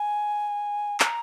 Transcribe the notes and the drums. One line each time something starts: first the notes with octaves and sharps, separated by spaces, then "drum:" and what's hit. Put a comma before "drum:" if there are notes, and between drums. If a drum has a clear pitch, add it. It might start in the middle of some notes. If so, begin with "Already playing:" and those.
Already playing: G#5
A#5, drum: clap